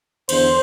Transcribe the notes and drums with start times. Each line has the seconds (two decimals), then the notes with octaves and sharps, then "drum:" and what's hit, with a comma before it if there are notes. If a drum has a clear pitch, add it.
0.29 E2 D3 C5, drum: cymbal